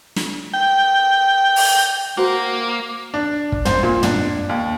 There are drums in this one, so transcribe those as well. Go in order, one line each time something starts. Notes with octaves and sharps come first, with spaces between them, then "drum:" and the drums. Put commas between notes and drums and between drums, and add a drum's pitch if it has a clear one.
drum: snare
G5
drum: open hi-hat
A#3 F#4 C5
D4
drum: kick
C5, drum: tom
A#2
D4, drum: tom
D#2